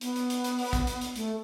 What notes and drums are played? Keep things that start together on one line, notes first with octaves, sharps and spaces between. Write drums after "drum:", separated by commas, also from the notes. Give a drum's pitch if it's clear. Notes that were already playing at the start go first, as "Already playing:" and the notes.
B3, drum: hi-hat
drum: hi-hat
drum: hi-hat
drum: hi-hat
drum: open hi-hat
drum: kick, hi-hat
drum: hi-hat
drum: hi-hat
A3, drum: hi-hat